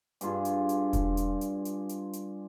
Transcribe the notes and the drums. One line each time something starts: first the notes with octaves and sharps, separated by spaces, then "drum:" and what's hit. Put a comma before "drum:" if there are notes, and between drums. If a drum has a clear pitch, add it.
G2 D4 F4 G#4, drum: hi-hat
drum: hi-hat
drum: hi-hat
drum: kick E1, hi-hat
drum: hi-hat
drum: hi-hat
drum: hi-hat
drum: hi-hat
drum: hi-hat